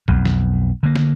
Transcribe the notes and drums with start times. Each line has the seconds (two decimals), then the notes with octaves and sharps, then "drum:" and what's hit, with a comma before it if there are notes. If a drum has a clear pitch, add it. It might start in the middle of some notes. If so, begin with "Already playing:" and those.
0.08 B1 F2, drum: kick
0.25 drum: snare
0.83 D3 A#3
0.96 drum: snare